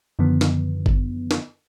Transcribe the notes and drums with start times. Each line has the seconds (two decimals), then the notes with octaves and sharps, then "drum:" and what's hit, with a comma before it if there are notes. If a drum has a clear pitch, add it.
0.19 F#2 D3 D#3 F3 B3
0.41 drum: snare
0.86 drum: kick G1
1.31 drum: snare